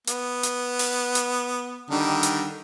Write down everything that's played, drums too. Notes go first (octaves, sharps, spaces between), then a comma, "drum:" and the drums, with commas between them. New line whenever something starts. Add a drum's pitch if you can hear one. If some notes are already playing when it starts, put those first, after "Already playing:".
B3, drum: hi-hat
drum: hi-hat
drum: open hi-hat
drum: hi-hat
D3 D#3 G3
drum: hi-hat